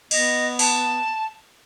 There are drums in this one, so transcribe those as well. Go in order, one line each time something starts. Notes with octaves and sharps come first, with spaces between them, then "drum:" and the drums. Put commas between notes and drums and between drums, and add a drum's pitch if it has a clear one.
B3 D#5, drum: cymbal
A5, drum: open hi-hat